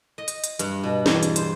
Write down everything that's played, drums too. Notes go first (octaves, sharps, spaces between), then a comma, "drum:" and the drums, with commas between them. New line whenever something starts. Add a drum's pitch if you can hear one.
D#5
drum: hi-hat
drum: hi-hat
G2, drum: hi-hat
B2
E2, drum: snare
drum: hi-hat
C5, drum: hi-hat